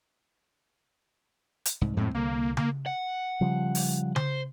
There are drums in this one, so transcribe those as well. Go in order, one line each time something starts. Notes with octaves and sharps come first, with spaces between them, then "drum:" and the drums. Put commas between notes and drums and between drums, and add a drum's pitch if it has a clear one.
drum: hi-hat
C2 G#2
F2 A2 G#3 C4
C2 D3 A#3
A#3, drum: tom C#3
F#5
C#3 F3 G3
drum: open hi-hat
C5, drum: tom C#3